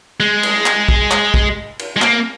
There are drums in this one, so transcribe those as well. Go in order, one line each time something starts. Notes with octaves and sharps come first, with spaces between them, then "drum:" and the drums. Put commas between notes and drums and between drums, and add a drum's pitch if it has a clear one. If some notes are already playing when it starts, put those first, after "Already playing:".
G#3
drum: cymbal
drum: clap
drum: kick
drum: clap
drum: kick
drum: cymbal
G#3
A#3, drum: clap